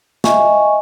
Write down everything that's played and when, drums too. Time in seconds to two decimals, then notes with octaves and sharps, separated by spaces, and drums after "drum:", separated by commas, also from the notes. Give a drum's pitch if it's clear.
0.24 D#5 E5 G#5 C#6, drum: snare